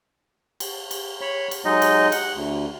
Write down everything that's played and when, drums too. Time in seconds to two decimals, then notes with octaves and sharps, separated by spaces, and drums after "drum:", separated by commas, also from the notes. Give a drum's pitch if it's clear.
0.60 drum: cymbal
0.91 drum: cymbal
1.21 C#5 B5
1.51 drum: cymbal
1.65 F#3 G#3 D#4 D#5
1.82 drum: cymbal
2.12 F#5, drum: cymbal
2.35 D2